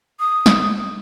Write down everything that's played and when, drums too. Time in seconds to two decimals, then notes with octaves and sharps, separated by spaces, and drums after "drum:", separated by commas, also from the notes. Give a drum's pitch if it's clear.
0.19 D#6
0.46 drum: snare